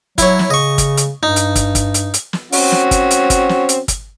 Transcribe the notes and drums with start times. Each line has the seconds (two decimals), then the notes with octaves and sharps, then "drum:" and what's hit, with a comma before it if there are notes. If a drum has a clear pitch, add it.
0.18 F#3 E4 C#5, drum: kick, hi-hat
0.39 drum: snare
0.50 C#3 D#5 C#6
0.78 drum: kick, hi-hat
0.97 drum: hi-hat
1.23 G2 D#4
1.36 drum: hi-hat
1.55 drum: kick, hi-hat
1.75 drum: kick, hi-hat
1.94 drum: hi-hat
2.14 drum: hi-hat
2.33 drum: snare
2.52 C4 C#4 F#4, drum: open hi-hat
2.72 drum: snare
2.91 drum: kick, hi-hat
3.11 drum: hi-hat
3.30 drum: kick, hi-hat
3.49 drum: snare
3.69 drum: hi-hat
3.88 drum: kick, hi-hat